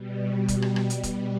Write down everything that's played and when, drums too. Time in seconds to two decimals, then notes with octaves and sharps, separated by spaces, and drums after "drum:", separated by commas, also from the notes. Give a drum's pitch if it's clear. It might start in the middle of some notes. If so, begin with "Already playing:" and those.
Already playing: B2 G3
0.48 G3, drum: kick, hi-hat
0.62 drum: rim click
0.76 drum: rim click
0.90 drum: hi-hat
1.03 G3, drum: kick, hi-hat